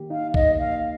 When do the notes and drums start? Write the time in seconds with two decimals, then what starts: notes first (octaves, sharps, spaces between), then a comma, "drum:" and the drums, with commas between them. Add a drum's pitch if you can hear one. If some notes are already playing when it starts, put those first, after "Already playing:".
Already playing: D#3 A#3 G4
0.10 D#4 F5
0.34 D#5, drum: kick A#1
0.47 A#3
0.58 F5